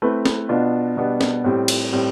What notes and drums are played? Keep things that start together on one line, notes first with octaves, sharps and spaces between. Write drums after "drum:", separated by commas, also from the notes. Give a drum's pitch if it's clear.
A3 C4 E4 B4
drum: snare
B2 B3 D4 F4
B2 G3 B3 D4
drum: snare
A2 G3 C4
drum: cymbal
A2 G3 C4